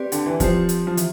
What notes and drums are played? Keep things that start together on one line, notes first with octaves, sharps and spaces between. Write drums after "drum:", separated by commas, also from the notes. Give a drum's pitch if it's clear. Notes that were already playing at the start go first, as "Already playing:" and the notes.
Already playing: C4 G4 B4 D5
D3, drum: hi-hat
E3
F3 C4 G4 C5, drum: kick, hi-hat
drum: hi-hat
F3
E3, drum: hi-hat